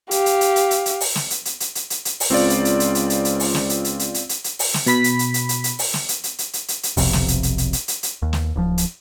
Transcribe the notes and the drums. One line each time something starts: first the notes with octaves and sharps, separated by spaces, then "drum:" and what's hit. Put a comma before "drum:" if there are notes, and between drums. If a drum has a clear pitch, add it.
G4 F5, drum: hi-hat
drum: hi-hat
drum: hi-hat
drum: hi-hat
drum: hi-hat
drum: hi-hat
drum: open hi-hat
drum: snare
drum: hi-hat
drum: hi-hat
drum: hi-hat
drum: hi-hat
drum: hi-hat
drum: hi-hat
drum: open hi-hat
C#2 C4 F4 D5
drum: hi-hat
drum: hi-hat
drum: hi-hat
drum: hi-hat
drum: hi-hat
drum: hi-hat
drum: open hi-hat
drum: snare
drum: hi-hat
drum: hi-hat
drum: hi-hat
drum: hi-hat
drum: hi-hat
drum: hi-hat
drum: open hi-hat
drum: snare
B2 B5 B6, drum: hi-hat
drum: hi-hat
drum: hi-hat
drum: hi-hat
drum: hi-hat
drum: hi-hat
drum: open hi-hat
drum: snare
drum: hi-hat
drum: hi-hat
drum: hi-hat
drum: hi-hat
drum: hi-hat
drum: hi-hat
F1 B1 F2 C3, drum: open hi-hat
drum: snare
drum: hi-hat
drum: hi-hat
drum: hi-hat
drum: hi-hat
drum: hi-hat
drum: hi-hat
D#2
drum: snare
D1 F3
drum: hi-hat